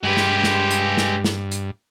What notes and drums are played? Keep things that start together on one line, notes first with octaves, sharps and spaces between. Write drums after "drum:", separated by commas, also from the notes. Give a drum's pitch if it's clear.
G2 G#3 G4 B4
drum: snare
drum: snare
drum: hi-hat
drum: snare
drum: snare
drum: hi-hat